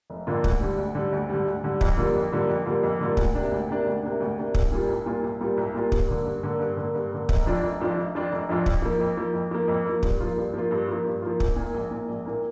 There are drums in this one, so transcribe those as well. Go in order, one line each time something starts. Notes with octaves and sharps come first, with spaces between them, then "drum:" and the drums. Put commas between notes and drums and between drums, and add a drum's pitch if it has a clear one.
F1
F2 D3 A#3 F4
D2, drum: kick
D3 G3
D2
D3 G3
D2
D3 G3
D2
D3 G3
F2, drum: kick
D3 G3 A#3 F4
F2
D3 G3 A#3 F4
F2
D3 G3 A#3 F4
F2
D3 G3 A#3 F4
D2, drum: kick
C3 A#3 D4
D2
C3 A#3 D4
D2
C3 A#3 D4
D2
C3 A#3 D4
C2, drum: kick
A#2 G3 A#3 F4
C2
A#2 G3 A#3 F4
C2
A#2 G3 A#3 F4
C2
A#2 G3 A#3 F4
G2, drum: kick
D3 A#3
G2
D3 A#3
G2
D3 A#3
G2
D3 A#3
F1, drum: kick
F2 F3 D4 F4
F1
F2 F3 D4 F4
F1
F2 F3 D4 F4
F1
F2 F3 D4 F4
F2, drum: kick
F3 A#3
F2
F3 A#3
F2
F3 A#3
F2
F3 A#3
G2, drum: kick
F3 A#3 F4
G2
F3 A#3 F4
G2
F3 A#3 F4
G2
F3 A#3 F4
A#1, drum: kick
A#2 A#3
A#1
A#2 A#3
A#1
A#2 A#3